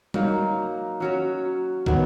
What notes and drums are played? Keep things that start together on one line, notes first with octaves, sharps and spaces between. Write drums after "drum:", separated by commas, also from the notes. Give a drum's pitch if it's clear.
F#3 A#3 D#4, drum: tom G3
F#3 C#4 F#4 C#5
D#3 F#3 B3, drum: kick